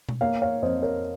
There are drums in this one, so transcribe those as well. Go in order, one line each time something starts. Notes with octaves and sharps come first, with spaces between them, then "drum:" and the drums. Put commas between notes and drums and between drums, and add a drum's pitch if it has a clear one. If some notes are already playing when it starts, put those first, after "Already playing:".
drum: tom B2
A#3 C#5 F5
C#5 F5
F2 C5 D#5
A#4 C#5